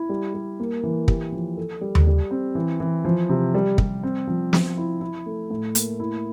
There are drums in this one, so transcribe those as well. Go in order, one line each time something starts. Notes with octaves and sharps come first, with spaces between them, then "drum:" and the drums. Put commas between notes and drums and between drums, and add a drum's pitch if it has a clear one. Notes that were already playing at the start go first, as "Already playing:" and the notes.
Already playing: E4
G3
G3
A#3
E3
G4, drum: kick
F3
A4
G3
drum: tom D#2
G3
C4
E3
E3
F3
C3
G3
G3, drum: kick
C4
F3
F3, drum: snare
E4
E4
A3
A2
A#3, drum: hi-hat
E4